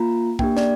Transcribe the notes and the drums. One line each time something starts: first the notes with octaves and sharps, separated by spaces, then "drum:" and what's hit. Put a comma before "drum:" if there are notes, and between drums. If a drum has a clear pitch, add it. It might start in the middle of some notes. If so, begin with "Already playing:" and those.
Already playing: A#3 F4 A#5
A#3 D4 G4 G5, drum: kick
D5, drum: snare